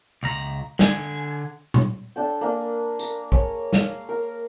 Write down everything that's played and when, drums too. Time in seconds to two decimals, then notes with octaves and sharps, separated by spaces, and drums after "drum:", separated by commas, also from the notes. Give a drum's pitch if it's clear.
0.23 C#2 A#5
0.79 D3 G#5, drum: snare
1.74 drum: tom A#2
2.16 D4 A4 G5
2.41 A#3 D4 G#5
2.99 A#4, drum: tambourine
3.32 G#4 C#5, drum: kick
3.73 F5, drum: snare
4.09 A#4